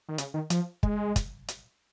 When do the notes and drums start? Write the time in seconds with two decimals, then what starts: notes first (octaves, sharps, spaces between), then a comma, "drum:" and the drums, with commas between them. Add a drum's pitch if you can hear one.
0.09 D#3
0.18 C#3, drum: hi-hat
0.34 D#3
0.50 F3, drum: hi-hat
0.83 G#3, drum: kick
1.16 drum: kick, hi-hat
1.48 drum: hi-hat